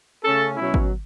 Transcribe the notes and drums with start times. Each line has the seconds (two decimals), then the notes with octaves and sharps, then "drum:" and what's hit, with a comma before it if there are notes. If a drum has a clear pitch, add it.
0.24 C#3 A3 C#4 A4
0.57 B2 F#3 C#4 E4
0.74 drum: kick G#1